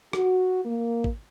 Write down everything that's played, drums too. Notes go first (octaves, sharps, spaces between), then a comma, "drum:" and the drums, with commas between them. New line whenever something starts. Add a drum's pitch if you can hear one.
F#4, drum: rim click
A#3
drum: kick